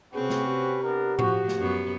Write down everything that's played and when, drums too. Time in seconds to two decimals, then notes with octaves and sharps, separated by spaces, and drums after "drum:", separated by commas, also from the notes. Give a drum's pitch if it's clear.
0.14 C3 C4 C#4 F#4 G#4 B4
0.30 drum: snare
0.47 G4
0.83 B3 D4 A#4
1.19 F3 F#4, drum: tom A2
1.48 drum: snare
1.57 F#2 B3